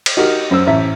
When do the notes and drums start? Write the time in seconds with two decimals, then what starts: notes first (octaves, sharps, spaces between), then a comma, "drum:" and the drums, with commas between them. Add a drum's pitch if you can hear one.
0.06 drum: cymbal
0.17 D#4 F#4 G4 A#4
0.51 F#2 C5 E6
0.67 A1 E5 A#5